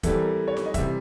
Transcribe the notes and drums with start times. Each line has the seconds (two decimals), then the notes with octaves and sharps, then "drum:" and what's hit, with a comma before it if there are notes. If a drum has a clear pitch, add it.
0.03 E3 G3 C4 A4, drum: kick, hi-hat
0.21 A#4
0.48 C#5
0.57 drum: snare D#4
0.66 D#5
0.74 C3 E3 G3 E5, drum: kick, hi-hat